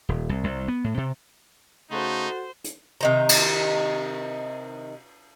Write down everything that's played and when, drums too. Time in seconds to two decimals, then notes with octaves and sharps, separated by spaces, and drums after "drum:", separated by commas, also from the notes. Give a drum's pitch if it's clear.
0.09 D#1
0.29 C2
0.44 C2
0.68 B3
0.84 A2
0.97 C3
1.91 C#3 A3 D#4 F#4 A4 C5 F#5
2.64 drum: hi-hat
3.01 C3 D#3 A#5
3.29 drum: cymbal